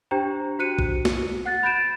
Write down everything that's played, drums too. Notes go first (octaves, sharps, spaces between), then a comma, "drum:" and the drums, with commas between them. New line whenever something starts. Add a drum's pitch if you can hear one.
D4 G4 C5 G5 A#5
F#4 C5 F#6 C#7 D#7
drum: kick
drum: snare
F#5 F#6 A6
B5 G6 A6 D7 E7